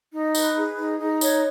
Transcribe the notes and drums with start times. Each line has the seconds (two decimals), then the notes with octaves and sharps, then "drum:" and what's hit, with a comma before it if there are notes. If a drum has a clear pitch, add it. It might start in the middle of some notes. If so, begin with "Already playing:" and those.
0.13 D#4
0.35 B4, drum: tambourine
0.56 G#4
0.78 D#4
0.99 D#4
1.21 B4 C#5, drum: tambourine